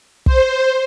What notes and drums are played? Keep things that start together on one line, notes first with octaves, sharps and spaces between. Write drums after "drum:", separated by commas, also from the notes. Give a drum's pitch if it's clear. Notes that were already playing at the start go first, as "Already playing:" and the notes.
C5, drum: kick